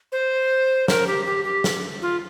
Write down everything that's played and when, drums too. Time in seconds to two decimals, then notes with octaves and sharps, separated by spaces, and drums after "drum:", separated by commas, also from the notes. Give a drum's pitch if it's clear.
0.12 C5
0.88 A#4, drum: snare
1.07 G4
1.26 G4
1.45 G4
1.64 drum: snare
2.02 F4